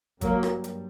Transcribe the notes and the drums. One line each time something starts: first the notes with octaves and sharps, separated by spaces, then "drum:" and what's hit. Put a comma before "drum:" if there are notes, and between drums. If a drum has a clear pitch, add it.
G2 F#3 A#3, drum: kick G#1, hi-hat
drum: rim click
drum: hi-hat